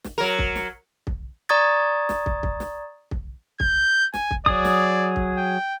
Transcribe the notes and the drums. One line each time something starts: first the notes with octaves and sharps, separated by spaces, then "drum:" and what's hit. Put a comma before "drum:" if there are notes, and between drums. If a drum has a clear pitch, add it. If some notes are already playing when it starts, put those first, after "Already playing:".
drum: snare
F#3 A#4
drum: kick
drum: snare
drum: kick
D5 A#5 C#6 D#6 G#6 A6
drum: snare
drum: kick
drum: kick
drum: snare
drum: kick
G6, drum: kick
G#5, drum: snare
drum: kick
F#3 G#4 D5 D#6, drum: kick
drum: snare
drum: kick
G5